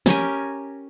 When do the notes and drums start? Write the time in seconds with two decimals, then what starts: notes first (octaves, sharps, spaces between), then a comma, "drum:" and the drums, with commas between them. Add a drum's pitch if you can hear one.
0.06 C#4 G4 A#4 G#5, drum: snare